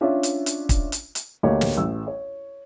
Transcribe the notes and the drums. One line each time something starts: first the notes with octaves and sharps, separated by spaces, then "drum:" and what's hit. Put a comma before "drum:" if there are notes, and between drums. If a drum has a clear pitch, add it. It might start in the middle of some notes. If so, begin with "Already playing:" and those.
C#4 D4 F4 E5
drum: hi-hat
drum: hi-hat
drum: kick, hi-hat
drum: hi-hat
drum: hi-hat
D2 A#3 G4 C#5 D#5
drum: snare
A1 E6
C#5